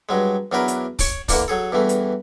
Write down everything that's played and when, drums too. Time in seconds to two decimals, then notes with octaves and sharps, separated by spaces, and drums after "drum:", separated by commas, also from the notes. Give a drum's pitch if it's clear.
0.09 G2 F#3 G#3
0.52 E2 F#3 D4 A#4 B4
0.68 drum: hi-hat
0.99 C#5 D6, drum: kick, open hi-hat
1.28 D3 E3 A#3 D4, drum: kick, open hi-hat
1.48 F#3 G#4 A4
1.72 E2 G2 E3 A3
1.89 drum: hi-hat